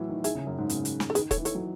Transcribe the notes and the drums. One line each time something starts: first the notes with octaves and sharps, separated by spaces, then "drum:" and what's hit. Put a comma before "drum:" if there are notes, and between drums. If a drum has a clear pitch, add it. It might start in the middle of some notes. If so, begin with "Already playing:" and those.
Already playing: A2 E3 F#3
D#3
D#3 E4 G#4, drum: hi-hat
C#3
F#2
G#2
C#3, drum: hi-hat
drum: hi-hat
drum: snare
A4
D#3 G#4 B4, drum: hi-hat
A4 C#5, drum: kick E1, hi-hat
E3
A4 C#5, drum: hi-hat
F#3